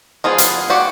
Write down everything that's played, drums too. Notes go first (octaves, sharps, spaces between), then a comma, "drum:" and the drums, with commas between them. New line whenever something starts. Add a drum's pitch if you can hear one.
F3 B3 F4 G#4
drum: hi-hat
F#4 G4 D5 F#5